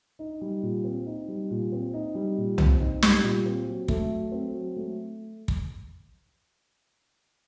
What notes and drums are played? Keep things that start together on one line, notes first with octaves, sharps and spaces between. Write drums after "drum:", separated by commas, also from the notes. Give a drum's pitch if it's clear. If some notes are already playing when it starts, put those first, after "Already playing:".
D#4
G3
A#2
C4
D#4
G3
A#2
C4
D#4
G3
A#2
C4, drum: tom
D#4
G3, drum: snare
A#2
C4
F#3
A3, drum: kick
F#3
C4
F#3
A3
drum: kick